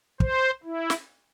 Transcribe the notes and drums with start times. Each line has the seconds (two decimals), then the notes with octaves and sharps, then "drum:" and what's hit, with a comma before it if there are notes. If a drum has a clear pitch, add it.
0.20 C5, drum: kick
0.64 E4
0.90 drum: snare